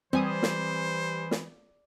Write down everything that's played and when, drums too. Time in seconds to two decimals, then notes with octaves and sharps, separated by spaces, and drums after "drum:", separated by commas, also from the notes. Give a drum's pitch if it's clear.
0.13 E3 G3 C4 C5 G#5 D#6
0.43 drum: snare
1.31 drum: snare